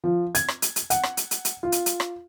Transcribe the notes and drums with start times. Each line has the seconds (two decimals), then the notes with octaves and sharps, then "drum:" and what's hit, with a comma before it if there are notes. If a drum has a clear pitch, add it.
0.04 F3
0.35 G#6, drum: hi-hat
0.48 drum: rim click
0.62 drum: hi-hat
0.76 drum: hi-hat
0.90 F#5, drum: hi-hat
1.03 drum: rim click
1.17 drum: hi-hat
1.31 drum: hi-hat
1.45 drum: hi-hat
1.63 F4
1.72 drum: hi-hat
1.86 drum: hi-hat
2.00 drum: rim click